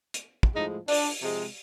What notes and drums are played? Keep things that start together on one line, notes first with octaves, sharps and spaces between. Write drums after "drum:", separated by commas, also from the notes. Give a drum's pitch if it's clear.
drum: hi-hat
drum: kick
A2 F3 G#3 D#4
D4, drum: open hi-hat
C3 F3 G#3